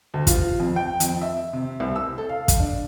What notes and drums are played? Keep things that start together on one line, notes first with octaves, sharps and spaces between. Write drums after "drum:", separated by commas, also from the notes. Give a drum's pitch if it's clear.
D2
F4, drum: kick, hi-hat
F2
G5
F2, drum: hi-hat
E5
C3
C2
E6
A4
F5
drum: kick, hi-hat
D4